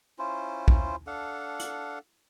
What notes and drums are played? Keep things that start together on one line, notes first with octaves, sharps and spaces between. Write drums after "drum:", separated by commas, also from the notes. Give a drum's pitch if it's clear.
C#4 E4 F4 C5
drum: kick
D4 A4 F5 F#5
drum: hi-hat